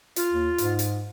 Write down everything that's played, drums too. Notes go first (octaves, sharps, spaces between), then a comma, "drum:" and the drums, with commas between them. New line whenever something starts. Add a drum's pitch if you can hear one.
F4, drum: hi-hat
D#2
G#2, drum: hi-hat
drum: hi-hat